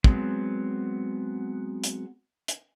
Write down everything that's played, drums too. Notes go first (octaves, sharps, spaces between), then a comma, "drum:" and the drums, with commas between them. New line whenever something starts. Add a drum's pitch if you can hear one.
F#3 G#3 B3 C4, drum: kick
drum: hi-hat
drum: hi-hat